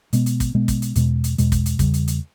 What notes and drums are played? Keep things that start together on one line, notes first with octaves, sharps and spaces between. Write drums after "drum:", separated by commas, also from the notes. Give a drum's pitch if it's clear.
B2 G#3 B3, drum: hi-hat
drum: hi-hat
drum: kick, hi-hat
B2 G#3 B3
drum: kick, hi-hat
drum: hi-hat
E2 B2 G#3, drum: hi-hat
drum: hi-hat
E2 B2 G#3, drum: hi-hat
drum: kick, hi-hat
drum: hi-hat
E2 C#3 G3, drum: kick, hi-hat
drum: hi-hat
drum: hi-hat